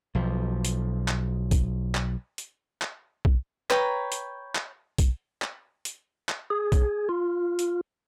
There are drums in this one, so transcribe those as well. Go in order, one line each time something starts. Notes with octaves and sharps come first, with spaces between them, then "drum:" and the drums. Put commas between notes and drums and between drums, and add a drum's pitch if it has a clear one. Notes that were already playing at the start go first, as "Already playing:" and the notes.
B1 F3
drum: hi-hat
drum: clap
drum: kick B1, hi-hat
drum: clap
drum: hi-hat
drum: clap
drum: kick B1
B4 C#5 G5 A#5, drum: clap
drum: hi-hat
drum: clap
drum: kick B1, hi-hat
drum: clap
drum: hi-hat
drum: clap
G#4
drum: kick B1, hi-hat
F4
drum: hi-hat